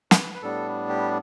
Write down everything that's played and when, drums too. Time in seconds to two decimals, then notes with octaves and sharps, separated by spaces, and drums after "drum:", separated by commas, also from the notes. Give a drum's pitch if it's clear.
0.11 B4, drum: snare
0.35 B4
0.42 A2 G3 B3 D4 A4
0.89 G4